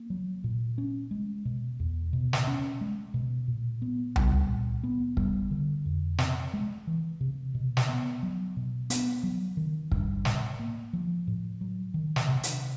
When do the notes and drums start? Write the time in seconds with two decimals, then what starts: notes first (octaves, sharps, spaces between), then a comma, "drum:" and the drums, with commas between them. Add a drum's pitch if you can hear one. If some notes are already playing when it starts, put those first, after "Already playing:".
Already playing: A#3
0.10 F#3
0.44 A#2
0.78 C#4
1.11 G#3
1.45 B2
1.80 E2
2.13 B2
2.33 drum: snare
2.47 C#4
2.81 G#3
3.14 B2
3.48 A#2
3.82 B3
4.16 G3, drum: tom C#2
4.49 A#2
4.83 B3
5.17 G3, drum: kick
5.51 D3
5.86 F2
6.18 C4, drum: snare
6.54 G#3
6.87 E3
7.21 C3
7.55 B2
7.77 drum: snare
7.89 B3
8.23 F#3
8.57 B2
8.90 B3, drum: hi-hat
9.23 F#3
9.57 D#3
9.92 G2, drum: kick
10.25 A2, drum: snare
10.59 A#3
10.93 F3
11.27 A2
11.61 F#3
11.94 D#3
12.16 drum: snare
12.28 C3
12.43 drum: hi-hat